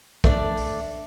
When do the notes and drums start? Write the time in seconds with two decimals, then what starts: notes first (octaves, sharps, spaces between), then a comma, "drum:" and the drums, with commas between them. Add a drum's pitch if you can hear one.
0.24 A3 D4 D5, drum: kick
0.57 drum: open hi-hat